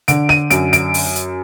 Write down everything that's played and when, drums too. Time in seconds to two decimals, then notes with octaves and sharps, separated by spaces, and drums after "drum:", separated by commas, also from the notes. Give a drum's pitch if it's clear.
0.08 D3 D7, drum: hi-hat
0.29 D#7, drum: rim click
0.50 F#2 D7, drum: hi-hat
0.73 D7, drum: hi-hat
0.94 drum: open hi-hat
1.16 drum: hi-hat